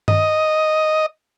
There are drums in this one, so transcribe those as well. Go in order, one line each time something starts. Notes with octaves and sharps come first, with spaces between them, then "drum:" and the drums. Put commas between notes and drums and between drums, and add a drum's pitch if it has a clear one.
D#5, drum: tom G2